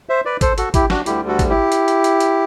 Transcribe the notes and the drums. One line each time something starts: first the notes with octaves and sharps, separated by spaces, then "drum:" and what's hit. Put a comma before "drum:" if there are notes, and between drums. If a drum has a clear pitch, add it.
C5 E5
B4 D5
A4 C5, drum: kick, hi-hat
F#4 A4, drum: hi-hat
E4 G4, drum: kick, hi-hat
D4 F#4, drum: snare
D2 D3 G3 E4 G4, drum: hi-hat
F#4 A4
drum: kick, hi-hat
E4 G4
drum: hi-hat
drum: hi-hat
drum: hi-hat
drum: hi-hat